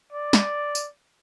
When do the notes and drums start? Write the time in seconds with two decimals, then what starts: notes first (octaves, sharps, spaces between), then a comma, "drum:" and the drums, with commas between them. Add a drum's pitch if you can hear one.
0.12 D5
0.33 drum: snare
0.75 drum: tambourine